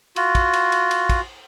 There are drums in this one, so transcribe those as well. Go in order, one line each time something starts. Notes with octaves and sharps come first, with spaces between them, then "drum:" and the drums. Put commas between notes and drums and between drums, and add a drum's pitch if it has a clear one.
F4 F#4, drum: cymbal
drum: kick, cymbal
drum: cymbal
drum: cymbal
drum: cymbal
drum: kick, cymbal